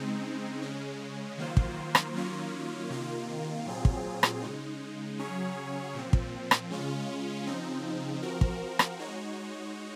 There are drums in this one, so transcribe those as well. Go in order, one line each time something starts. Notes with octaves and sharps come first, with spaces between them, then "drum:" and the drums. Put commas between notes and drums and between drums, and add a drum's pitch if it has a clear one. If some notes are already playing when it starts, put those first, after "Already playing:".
Already playing: C#3 G#3 C4 D#4
C#3 G#3 C#4
D#3 F#3 A#3 F4 C5
drum: kick
drum: rim click
D#3 F#3 A#3 C#4 F4
C3 D#3 A#3 F4
A#2 F#3 C4 F4 G#4
drum: kick
drum: rim click
C#3 G#3 D#4
C#3 F#3 C#4 G#4 C#5
A#2 F3 C4
drum: kick
drum: rim click
C#3 G#3 C#4 F4
C#3 F3 C4 D#4
F3 C4 F#4 A#4
drum: kick
drum: rim click
G#3 D#4 F#4 C#5